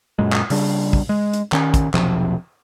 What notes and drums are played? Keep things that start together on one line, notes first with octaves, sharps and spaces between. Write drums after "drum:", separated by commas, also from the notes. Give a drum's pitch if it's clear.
F#2 A#2 G#3
drum: clap
C#3 G3 D4, drum: open hi-hat
drum: kick
G#3
drum: hi-hat
D#3 C#4, drum: clap
drum: kick, hi-hat
E1 B1 C3 F3, drum: clap